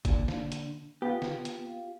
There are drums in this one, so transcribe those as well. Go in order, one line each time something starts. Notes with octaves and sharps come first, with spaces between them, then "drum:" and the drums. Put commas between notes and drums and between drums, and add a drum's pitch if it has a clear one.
A#2 D3, drum: kick, hi-hat
drum: snare
drum: hi-hat
B3 F4 G4
drum: snare
drum: hi-hat